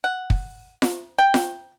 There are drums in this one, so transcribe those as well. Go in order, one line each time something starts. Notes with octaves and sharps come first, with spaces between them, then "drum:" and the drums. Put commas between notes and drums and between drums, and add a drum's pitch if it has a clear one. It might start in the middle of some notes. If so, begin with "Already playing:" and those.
F#5
drum: kick
drum: snare F4
G5
drum: snare F4